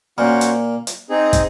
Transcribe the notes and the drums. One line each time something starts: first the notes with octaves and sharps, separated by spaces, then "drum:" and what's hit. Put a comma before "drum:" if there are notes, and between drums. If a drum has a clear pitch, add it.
A#2 A#3 C#4 F#4 C5 F#5
drum: hi-hat
drum: hi-hat
C4 D#4 G#4
drum: kick, hi-hat